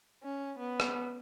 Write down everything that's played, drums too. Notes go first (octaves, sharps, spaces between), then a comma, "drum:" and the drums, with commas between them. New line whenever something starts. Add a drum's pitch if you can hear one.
C#4
B3
drum: rim click